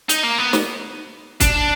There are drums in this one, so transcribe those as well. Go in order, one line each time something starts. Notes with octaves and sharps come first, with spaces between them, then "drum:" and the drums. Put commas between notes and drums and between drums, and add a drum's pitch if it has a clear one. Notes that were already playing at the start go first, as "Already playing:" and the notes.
D#4, drum: hi-hat
A#3
B3
drum: snare
D4, drum: kick, hi-hat